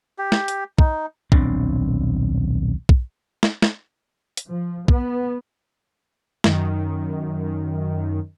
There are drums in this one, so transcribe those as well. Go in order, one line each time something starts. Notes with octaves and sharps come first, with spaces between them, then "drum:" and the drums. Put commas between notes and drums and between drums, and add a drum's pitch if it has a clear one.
G4
drum: snare
drum: hi-hat
D#4, drum: kick
D#1 B1 C4 D4, drum: kick
drum: kick
drum: snare
drum: snare
drum: hi-hat
F3
B3, drum: kick
F#2 D#3, drum: snare